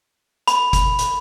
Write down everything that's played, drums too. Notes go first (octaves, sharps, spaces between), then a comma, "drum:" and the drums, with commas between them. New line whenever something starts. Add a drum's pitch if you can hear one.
B5, drum: hi-hat
drum: kick, hi-hat
drum: hi-hat